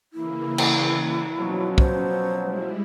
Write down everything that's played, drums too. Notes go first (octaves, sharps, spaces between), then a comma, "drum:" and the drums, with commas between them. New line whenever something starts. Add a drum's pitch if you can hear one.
C#3 E3 A#3 E4
drum: cymbal
B2 F3 F#3 C#4
C5, drum: kick
G3 G#3 E4